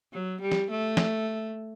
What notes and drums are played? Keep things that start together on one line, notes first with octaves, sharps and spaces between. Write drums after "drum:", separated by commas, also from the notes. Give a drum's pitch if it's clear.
F#3
G3
drum: snare
A3
drum: snare